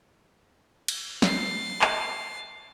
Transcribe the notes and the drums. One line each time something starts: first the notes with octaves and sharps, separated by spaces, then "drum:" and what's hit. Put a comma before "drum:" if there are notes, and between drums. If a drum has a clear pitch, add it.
drum: cymbal
A6 C7, drum: snare
drum: clap